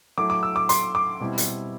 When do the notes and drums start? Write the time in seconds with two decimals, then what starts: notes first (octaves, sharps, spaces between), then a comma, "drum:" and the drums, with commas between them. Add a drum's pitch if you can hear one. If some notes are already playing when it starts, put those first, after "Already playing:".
0.18 F#3 A3 E4 D6
0.30 D6
0.43 E6
0.56 D6
0.69 C6, drum: hi-hat
0.95 D6
1.20 B2 G3 C4 E4
1.38 drum: hi-hat